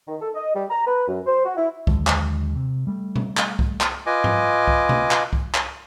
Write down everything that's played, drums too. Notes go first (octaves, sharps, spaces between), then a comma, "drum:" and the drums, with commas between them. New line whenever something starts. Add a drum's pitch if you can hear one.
D#3
A4
D#5
G3
A#5
B4
F#2
C5
F#4
E4
D#2 D3 F#3 G#3, drum: kick C2
drum: clap
C3
G3 A3
drum: tom B2
drum: clap
drum: kick C2
drum: clap
F4 B4 D#5 G#5 D6
drum: tom G#2
drum: kick C2
drum: tom B2
drum: clap
drum: kick C2
drum: clap